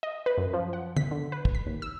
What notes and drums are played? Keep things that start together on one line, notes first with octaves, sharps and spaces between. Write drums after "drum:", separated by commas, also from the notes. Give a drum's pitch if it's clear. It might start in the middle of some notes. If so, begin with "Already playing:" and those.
D#5
B4
F#2
F3
F#5
B6, drum: tom
D3
B4
drum: kick
B6
D#2
E6